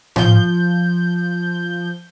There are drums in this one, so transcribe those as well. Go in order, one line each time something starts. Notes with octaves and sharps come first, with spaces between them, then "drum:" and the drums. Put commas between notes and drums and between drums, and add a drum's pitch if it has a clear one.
F3 G6, drum: tom A2